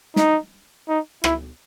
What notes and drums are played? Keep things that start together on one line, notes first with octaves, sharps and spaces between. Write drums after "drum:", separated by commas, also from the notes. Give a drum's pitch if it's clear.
D#4, drum: snare
D#4
E4, drum: rim click